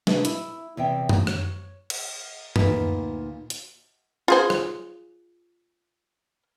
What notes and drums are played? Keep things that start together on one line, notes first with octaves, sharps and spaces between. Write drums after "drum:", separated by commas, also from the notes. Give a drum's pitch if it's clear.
C3 G#3 D4 G#4 B4, drum: snare
E4, drum: hi-hat
E2 C3 E5 G5
drum: tom F#2
C#5, drum: rim click
drum: cymbal
D2 A#2 F3 D#4 A4 B4, drum: tom F#2
drum: hi-hat
F4 G#4 C5
drum: rim click